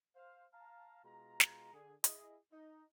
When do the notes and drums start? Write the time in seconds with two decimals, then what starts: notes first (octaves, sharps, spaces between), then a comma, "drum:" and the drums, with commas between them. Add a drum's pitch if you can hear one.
0.16 C5 F5
0.53 F5 A5 A#5
1.05 B2 G#3 F4 A#5
1.40 drum: snare
1.74 D3 G#4 G#5
2.04 E4 G#4 D#5, drum: hi-hat
2.52 D#4